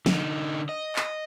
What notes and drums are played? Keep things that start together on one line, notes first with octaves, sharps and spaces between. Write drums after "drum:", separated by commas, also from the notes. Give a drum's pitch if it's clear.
D3 D#4, drum: snare
D#5
drum: clap